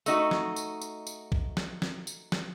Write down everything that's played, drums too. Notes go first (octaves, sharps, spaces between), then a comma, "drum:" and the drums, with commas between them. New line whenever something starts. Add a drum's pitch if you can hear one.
A3 D#4 F#4, drum: tambourine
drum: snare
drum: tambourine
drum: tambourine
drum: tambourine
drum: kick
drum: snare
drum: snare
drum: tambourine
drum: snare